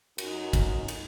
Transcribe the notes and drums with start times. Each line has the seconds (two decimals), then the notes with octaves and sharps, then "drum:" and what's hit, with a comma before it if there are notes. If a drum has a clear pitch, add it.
0.18 F#2 D#4, drum: cymbal
0.53 drum: kick, cymbal
0.88 drum: cymbal